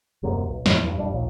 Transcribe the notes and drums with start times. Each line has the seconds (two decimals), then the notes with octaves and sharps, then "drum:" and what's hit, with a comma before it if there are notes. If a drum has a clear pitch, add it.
0.23 D#1 F#2 C3 A#3
0.44 D#1 B1
0.66 F2 A2 E3 B3, drum: snare
0.84 E2 G2
0.97 D#1 G2 G3 D4
1.11 A#1 D#2 A#2